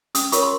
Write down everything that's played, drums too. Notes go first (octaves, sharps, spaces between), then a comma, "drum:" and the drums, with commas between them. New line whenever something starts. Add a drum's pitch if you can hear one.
C#4 D#6, drum: hi-hat
F4 A#4 C#5 C#6, drum: hi-hat
C6